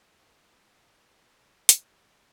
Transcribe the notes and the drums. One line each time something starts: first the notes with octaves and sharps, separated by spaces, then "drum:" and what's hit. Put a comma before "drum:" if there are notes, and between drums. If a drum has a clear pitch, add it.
D3 E3 A3 C4 C#4
drum: hi-hat